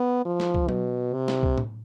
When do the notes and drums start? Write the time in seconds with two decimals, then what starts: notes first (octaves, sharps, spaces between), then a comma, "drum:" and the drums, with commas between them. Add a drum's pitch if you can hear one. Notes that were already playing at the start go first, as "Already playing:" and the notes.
Already playing: B3
0.25 F3
0.40 drum: snare
0.54 drum: kick C2
0.69 B2, drum: tom F#3
1.14 C3
1.28 drum: snare
1.43 drum: kick C2
1.58 drum: tom